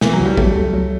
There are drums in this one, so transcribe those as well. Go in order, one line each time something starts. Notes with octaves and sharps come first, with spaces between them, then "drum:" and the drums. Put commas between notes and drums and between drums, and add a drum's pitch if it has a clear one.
B2 E3, drum: snare
F#3
C#2
G3
F#3 A3, drum: kick
C#2
F#3